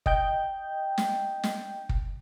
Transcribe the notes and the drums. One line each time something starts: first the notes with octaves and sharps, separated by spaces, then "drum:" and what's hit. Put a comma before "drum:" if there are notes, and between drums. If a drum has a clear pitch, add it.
D#5 G5 G6, drum: kick
drum: snare
drum: snare
drum: kick